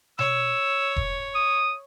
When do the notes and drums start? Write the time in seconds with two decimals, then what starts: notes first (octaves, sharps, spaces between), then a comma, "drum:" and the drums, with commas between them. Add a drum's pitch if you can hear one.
0.19 C#5 E6, drum: tom B2
0.96 drum: kick E1
1.35 D#6